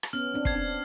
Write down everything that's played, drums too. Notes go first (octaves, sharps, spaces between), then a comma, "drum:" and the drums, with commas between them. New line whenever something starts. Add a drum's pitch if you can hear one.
drum: rim click
B3 C#4 F6
C4 D4
G#6 C7, drum: kick
C4 D4